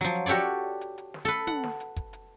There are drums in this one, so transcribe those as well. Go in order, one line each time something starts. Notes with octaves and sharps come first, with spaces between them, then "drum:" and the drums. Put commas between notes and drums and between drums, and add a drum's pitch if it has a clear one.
F3 F#3
drum: hi-hat
F#4 G4 A4 C#5 D5
drum: hi-hat
drum: hi-hat
drum: snare
A4 B4
F#5, drum: tom
drum: snare
drum: hi-hat
drum: kick, hi-hat
drum: hi-hat